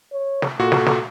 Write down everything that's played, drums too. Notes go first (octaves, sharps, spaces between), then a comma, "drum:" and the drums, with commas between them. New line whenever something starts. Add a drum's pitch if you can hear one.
C#5
drum: snare
A#2 F#4 A4
drum: snare
drum: snare